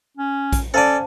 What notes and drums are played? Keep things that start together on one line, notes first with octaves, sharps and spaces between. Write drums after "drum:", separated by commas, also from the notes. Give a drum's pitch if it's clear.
C#4
drum: kick A#1, hi-hat
C#4 A4 C5 D5 F5 A5